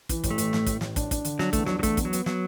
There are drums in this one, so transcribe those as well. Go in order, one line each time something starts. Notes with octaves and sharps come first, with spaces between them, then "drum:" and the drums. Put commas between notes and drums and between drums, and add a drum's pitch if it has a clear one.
E3, drum: kick, hi-hat
A1, drum: kick, hi-hat
A3
A1, drum: hi-hat
A2, drum: snare
A2, drum: kick, hi-hat
A1, drum: snare
D4, drum: kick, hi-hat
D4, drum: kick, hi-hat
D3, drum: hi-hat
F#3 D4, drum: snare
E2 A3, drum: kick, hi-hat
F#3 D4, drum: snare
F#3
E2 A3, drum: kick, hi-hat
B3, drum: kick, hi-hat
F#3
B3, drum: hi-hat
F#3 B3, drum: snare